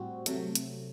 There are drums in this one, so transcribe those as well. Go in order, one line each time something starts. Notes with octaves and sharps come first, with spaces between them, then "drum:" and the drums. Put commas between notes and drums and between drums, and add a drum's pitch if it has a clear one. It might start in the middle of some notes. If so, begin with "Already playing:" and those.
Already playing: A2 G3 C4 F#4
C3 F#3 A3, drum: hi-hat
drum: hi-hat